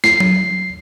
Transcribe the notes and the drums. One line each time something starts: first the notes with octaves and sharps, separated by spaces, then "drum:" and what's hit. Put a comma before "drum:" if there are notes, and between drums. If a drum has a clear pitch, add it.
C7, drum: snare
drum: tom F#3